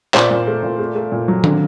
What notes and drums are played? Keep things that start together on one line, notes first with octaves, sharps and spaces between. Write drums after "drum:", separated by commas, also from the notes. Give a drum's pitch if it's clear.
A#2 C5 D5, drum: clap
A#2
A3
A#2
A3
A3
A#2
F#3
D3, drum: tom D#3